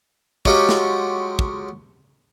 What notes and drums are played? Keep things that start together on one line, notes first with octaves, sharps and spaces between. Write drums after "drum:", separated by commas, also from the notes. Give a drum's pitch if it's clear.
F#3 G#3 C#4 F4 G4, drum: kick
drum: snare
drum: kick